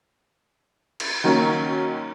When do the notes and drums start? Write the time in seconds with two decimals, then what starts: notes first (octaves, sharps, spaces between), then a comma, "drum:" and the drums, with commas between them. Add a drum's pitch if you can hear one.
1.00 drum: cymbal
1.24 D#3 F#3 A#3 C#4